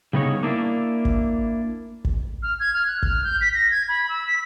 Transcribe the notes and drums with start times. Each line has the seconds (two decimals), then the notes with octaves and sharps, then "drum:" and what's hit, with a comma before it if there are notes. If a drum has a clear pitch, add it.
0.13 C#3 G3 B3 D4 D#4 C#5
0.43 A#3 D4 E4
1.05 drum: kick
2.05 drum: kick
2.43 F6
2.60 G#6
2.74 F6
2.87 F#6
3.03 F6, drum: kick
3.24 G6
3.41 B6
3.55 A#6
3.71 G#6
3.89 B5
4.09 E6
4.27 B6